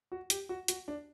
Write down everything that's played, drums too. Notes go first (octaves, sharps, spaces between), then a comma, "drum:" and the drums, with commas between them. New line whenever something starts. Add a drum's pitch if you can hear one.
F#4
G4, drum: hi-hat
F#4
F#4, drum: hi-hat
D4